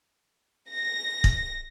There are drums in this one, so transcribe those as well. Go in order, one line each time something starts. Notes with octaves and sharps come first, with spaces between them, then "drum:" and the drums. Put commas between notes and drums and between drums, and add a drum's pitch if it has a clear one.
A#6
drum: kick